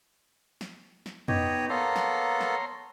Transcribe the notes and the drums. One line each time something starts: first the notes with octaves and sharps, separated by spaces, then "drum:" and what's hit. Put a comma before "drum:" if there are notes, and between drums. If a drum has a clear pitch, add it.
drum: snare
drum: snare
B3 D#4 G4 C#5 D#5, drum: tom F2
A#3 B3 A4 C#5 A#5 C6
drum: snare
drum: snare